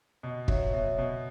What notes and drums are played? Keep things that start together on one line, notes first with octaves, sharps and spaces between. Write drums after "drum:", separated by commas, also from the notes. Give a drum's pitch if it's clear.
B2 D#5
F#3 C#5 E5, drum: kick
B2 C#5 E5
B2 D#5